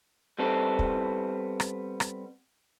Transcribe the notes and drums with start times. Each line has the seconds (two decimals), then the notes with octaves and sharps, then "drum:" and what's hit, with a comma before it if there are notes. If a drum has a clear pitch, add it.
0.39 G3 B3 C4 A4
0.79 drum: kick
1.60 drum: rim click
2.00 drum: rim click